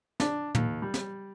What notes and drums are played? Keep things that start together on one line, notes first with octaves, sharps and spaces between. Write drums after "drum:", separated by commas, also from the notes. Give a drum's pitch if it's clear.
D4, drum: snare
D#2, drum: tom
G3
drum: snare